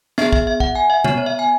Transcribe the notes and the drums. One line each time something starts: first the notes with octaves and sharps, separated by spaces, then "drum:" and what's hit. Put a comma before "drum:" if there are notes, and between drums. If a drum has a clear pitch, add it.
B3 G#4 E5, drum: snare
E5, drum: kick
E5
F#5, drum: kick
G#5
E5
B3 F#4 C#5, drum: tom
C#5
E5
G#5